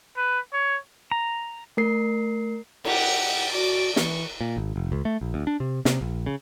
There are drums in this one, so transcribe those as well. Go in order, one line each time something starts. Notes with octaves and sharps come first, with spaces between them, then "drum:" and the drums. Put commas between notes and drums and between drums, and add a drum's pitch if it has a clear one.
B4
C#5
A#5
A3 A#4 C7
G4 F#5, drum: cymbal
F#4 D5 D6
E3 C#6, drum: snare
A#2
G#1
F1
C#2
A3
A#1
D2
D4
C3
C3, drum: snare
A#1
C#3